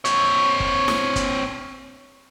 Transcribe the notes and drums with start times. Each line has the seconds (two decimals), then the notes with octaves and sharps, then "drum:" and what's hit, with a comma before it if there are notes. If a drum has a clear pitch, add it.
0.05 C4 C#5, drum: hi-hat
0.60 drum: kick
0.88 drum: snare E4
1.16 drum: kick, hi-hat